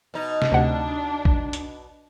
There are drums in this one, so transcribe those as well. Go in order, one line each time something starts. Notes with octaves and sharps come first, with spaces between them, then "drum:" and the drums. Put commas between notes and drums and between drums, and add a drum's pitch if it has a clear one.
B2 D#4
drum: snare
D2 C3 D4 F#5
drum: kick A#1
drum: hi-hat